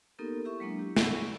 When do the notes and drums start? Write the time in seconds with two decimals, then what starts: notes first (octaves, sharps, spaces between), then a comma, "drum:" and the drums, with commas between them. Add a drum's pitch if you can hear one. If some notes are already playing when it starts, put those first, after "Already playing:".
0.19 A#3 B3 D#4 G4 A4 A#4
0.45 E4 G4 E5 C#6
0.60 F#3 G#3 A#3 D4
0.79 E4 G4
0.97 B3 F#5 B5 E6, drum: snare
1.09 E5 C#6